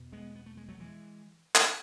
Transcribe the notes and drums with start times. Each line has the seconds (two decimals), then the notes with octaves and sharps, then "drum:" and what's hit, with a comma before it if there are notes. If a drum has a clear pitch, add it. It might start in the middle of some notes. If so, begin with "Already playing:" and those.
Already playing: E2 B2
0.12 G#3 B3
0.35 B3
0.46 A3
0.57 G#3
0.68 F#3 A3
0.80 E3 G#3
1.55 drum: clap